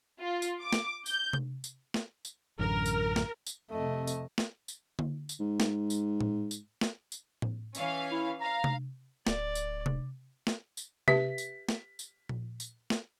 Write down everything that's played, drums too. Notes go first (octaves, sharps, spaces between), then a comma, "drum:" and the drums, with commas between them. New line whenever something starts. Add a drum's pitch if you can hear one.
F4
drum: tambourine
D6
drum: snare
G6, drum: tambourine
drum: tom C3
drum: tambourine
drum: snare
drum: tambourine
A1 F#2 D3 A#4
drum: tambourine
drum: snare
drum: tambourine
F2 C3 A3 D#5
drum: tambourine
drum: snare
drum: tambourine
drum: tom D3
drum: tambourine
G#2
drum: snare
drum: tambourine
drum: tom A2
drum: tambourine
drum: snare
drum: tambourine
drum: tom A2
E3 C#4 F5, drum: tambourine
E4
F5 A#5
drum: tom C3
D1 D5, drum: snare
drum: tambourine
drum: tom C3
drum: snare
drum: tambourine
G4 B4 E5 B6, drum: tom C3
drum: tambourine
drum: snare
drum: tambourine
drum: tom A#2
drum: tambourine
drum: snare